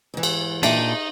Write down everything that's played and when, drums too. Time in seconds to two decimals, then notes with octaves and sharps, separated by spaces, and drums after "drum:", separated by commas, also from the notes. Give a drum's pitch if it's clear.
0.14 G#2 E3
0.23 drum: cymbal
0.63 A#2 D4 D#4 G#4 E5 G5, drum: cymbal